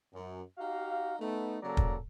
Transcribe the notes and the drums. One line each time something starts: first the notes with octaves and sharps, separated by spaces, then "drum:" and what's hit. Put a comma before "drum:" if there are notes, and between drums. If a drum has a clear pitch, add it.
F#2
D#4 F#4 G4 F5
A3 B3 D#4
C#3 F#3 A#3 A4 D5 A#5
drum: kick